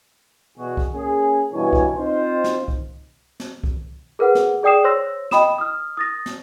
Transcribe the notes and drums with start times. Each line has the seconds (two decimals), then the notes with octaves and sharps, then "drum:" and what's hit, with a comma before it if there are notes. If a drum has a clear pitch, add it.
0.57 E2 B2 F#4 G#4
0.77 drum: kick C2
0.93 A#3 C#4 G#4
1.53 G2 B2 E3 E4 C#5 G#5
1.73 drum: kick C2
1.97 C4 D#4 F4 C5
2.44 drum: snare
2.68 drum: kick C2
3.40 drum: snare
3.64 drum: kick C2
4.19 G#4 A#4 B4 F#5
4.35 drum: snare
4.63 G#4 D5 G5 D#6 C7 E7
4.84 C5 C#5 C6 E6 A#6
5.31 D#5 G5 B5 D#6 E7, drum: snare
5.58 D#6 F6
5.97 D#6 A6 A#6
6.26 drum: snare